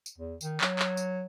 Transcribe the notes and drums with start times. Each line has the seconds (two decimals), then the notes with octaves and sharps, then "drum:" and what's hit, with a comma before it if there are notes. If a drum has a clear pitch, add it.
0.06 drum: tambourine
0.18 E2
0.41 D#3, drum: tambourine
0.61 F#3, drum: clap
0.79 drum: clap
0.97 drum: tambourine